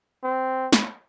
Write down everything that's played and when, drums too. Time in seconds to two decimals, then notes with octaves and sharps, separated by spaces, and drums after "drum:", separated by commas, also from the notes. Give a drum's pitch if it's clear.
0.24 C4
0.73 drum: snare